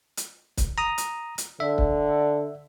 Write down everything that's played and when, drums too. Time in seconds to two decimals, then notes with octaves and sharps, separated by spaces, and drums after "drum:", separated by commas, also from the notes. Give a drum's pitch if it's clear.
0.17 drum: hi-hat
0.57 drum: kick C#1, hi-hat
0.78 A#5 D#6
0.98 drum: hi-hat
1.38 drum: hi-hat
1.60 D3 E5
1.78 drum: kick C#1